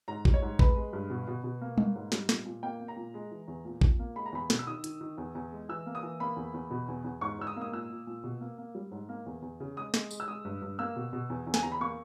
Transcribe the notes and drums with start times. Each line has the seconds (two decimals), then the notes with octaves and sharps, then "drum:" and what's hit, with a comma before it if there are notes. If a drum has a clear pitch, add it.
0.08 G#2 A#5
0.25 G3, drum: kick A1
0.34 C#5
0.42 G#2
0.59 G#3 B4, drum: kick A1
0.76 G#3
0.93 G2
1.10 B2
1.28 B2
1.44 B2
1.61 A#3
1.78 A#3, drum: tom G3
1.95 G#2
2.12 G3, drum: snare
2.29 A#2, drum: snare
2.45 A#2
2.63 A#3 G5
2.80 A#3
2.88 A#5
2.96 A#2
3.14 G#3
3.31 E3
3.48 E2
3.65 A#2
3.81 A#2, drum: kick A1
3.99 A#3
4.16 G#3 B5
4.26 A#5
4.33 E2 B5
4.50 B2, drum: snare
4.59 E6
4.67 D#3 D#6
4.84 D#3, drum: hi-hat
5.01 D#3
5.18 E2
5.35 E2
5.52 G#3
5.69 E3 E6
5.86 A#3
5.95 D#6
6.03 E3
6.20 A#3 B5
6.36 E2
6.54 E2
6.71 B2
6.88 E2
7.04 E2
7.21 G#2 C#6
7.38 G#2 E6
7.47 D#6
7.56 A#3
7.61 D#6
7.72 A#2 E6
7.90 A#2
8.07 A#2
8.24 B2
8.41 A#3
8.58 A#3
8.75 G3
8.91 G#2
9.09 A#3
9.26 E2
9.42 E2
9.60 C#3
9.77 G#3 D#6
9.94 G#3, drum: snare
10.11 G#3, drum: tambourine
10.20 E6
10.28 G#3 D#6
10.45 G2
10.62 G2
10.79 A#3 E6
10.96 B2
11.13 B2
11.30 E2
11.47 E2
11.54 G#5, drum: snare
11.63 E2 A#5
11.72 B5
11.80 A#3 C#6